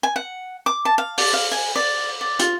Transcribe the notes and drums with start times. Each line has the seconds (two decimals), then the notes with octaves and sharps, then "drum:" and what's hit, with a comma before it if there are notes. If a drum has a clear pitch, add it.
0.03 G#5
0.16 F#5
0.66 D6
0.85 A5
0.98 F5
1.18 D5, drum: open hi-hat
1.33 F5
1.52 G#5
1.76 D5
2.21 D5
2.39 F4, drum: hi-hat